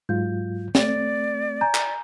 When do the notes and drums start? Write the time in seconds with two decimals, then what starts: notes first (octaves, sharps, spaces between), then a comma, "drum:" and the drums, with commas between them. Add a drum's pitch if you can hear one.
0.09 G#2 F#3 F4 G6
0.75 A3 C4 D5, drum: snare
1.61 G#5 A#5 G6
1.75 drum: clap